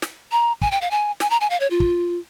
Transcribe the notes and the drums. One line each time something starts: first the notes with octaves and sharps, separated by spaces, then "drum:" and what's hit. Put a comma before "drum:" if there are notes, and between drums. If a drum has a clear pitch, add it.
drum: snare
A#5
G#5, drum: kick
G5
F5
G#5
G#5, drum: snare
A#5
G#5
F5
C#5
F4
drum: kick